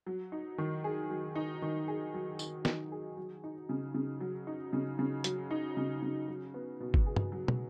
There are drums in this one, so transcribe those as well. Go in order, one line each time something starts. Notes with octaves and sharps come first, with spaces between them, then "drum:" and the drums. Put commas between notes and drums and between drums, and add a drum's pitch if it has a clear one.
F#3
D#4
D#3
G#4
F#3
D#4
D#3
G#4
F#3
D#4, drum: tambourine
D#3, drum: snare
G#4
F#3
D#4
C#3
C#3
F#3
D#4
C#3
C#3
F#3, drum: hi-hat
D#4
C#3
C#3
F#3
B3
B2
drum: kick G1
G#4
drum: tom
F#3
drum: tom